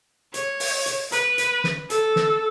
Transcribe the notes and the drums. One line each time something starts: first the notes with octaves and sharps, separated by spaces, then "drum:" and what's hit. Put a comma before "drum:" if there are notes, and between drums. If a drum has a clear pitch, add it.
C#5, drum: hi-hat
drum: open hi-hat
drum: hi-hat
B4, drum: hi-hat
drum: hi-hat
drum: snare
A4, drum: hi-hat
drum: snare